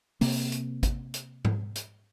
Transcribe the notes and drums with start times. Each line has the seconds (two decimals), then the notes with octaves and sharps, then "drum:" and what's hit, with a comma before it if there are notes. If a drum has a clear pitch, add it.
0.21 C3 A#3 C4, drum: open hi-hat
0.52 drum: hi-hat
0.83 drum: kick, hi-hat
1.14 drum: hi-hat
1.45 drum: tom G#2
1.76 drum: hi-hat